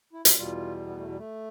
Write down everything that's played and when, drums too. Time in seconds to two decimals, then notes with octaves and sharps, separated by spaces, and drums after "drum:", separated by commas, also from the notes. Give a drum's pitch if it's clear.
0.13 E4
0.25 F4, drum: hi-hat
0.37 E2 B2 G3 F4
0.87 B3
0.97 A3
1.08 G3
1.18 A3